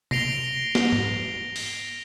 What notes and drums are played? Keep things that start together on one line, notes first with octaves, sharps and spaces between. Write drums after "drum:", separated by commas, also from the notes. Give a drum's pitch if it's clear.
A#6 C7 D7 F7 G7, drum: tom C3
drum: snare
drum: tom G#2
drum: open hi-hat